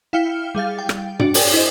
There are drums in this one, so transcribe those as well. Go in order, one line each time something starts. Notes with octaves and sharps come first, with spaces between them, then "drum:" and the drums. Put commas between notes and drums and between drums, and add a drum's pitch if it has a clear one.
E4 F5 G5 F6 C#7 G7
G3 G#4 F5 A6
G5
drum: rim click
D4 F#4 D5, drum: tom
G#4 A#4 C#5 D5 G5 G#5, drum: open hi-hat
E4 C5 D#5